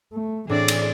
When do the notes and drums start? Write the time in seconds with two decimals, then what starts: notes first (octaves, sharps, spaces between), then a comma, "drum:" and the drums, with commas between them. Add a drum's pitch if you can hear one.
0.13 A3
0.49 A2 E3 C4 D4 G#4 D5
0.68 drum: cymbal